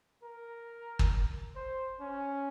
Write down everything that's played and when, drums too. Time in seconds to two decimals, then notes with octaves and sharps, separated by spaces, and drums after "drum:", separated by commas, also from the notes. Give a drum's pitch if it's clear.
0.23 A#4
0.99 drum: kick
1.56 C5
2.00 C#4